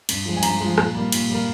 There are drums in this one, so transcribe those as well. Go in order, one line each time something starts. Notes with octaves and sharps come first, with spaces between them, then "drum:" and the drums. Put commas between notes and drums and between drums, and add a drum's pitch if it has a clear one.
G2, drum: cymbal
F3 G#3
G#5
G2 A#5, drum: cymbal
F3 G#3
A#2, drum: rim click
G3 A#3
A#2, drum: cymbal
G3 A#3